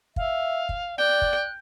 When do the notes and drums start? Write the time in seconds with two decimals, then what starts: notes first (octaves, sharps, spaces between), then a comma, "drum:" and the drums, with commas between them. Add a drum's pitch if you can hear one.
0.16 E5 F5, drum: kick
0.69 drum: kick
0.98 D5 G5 F#6
1.22 drum: kick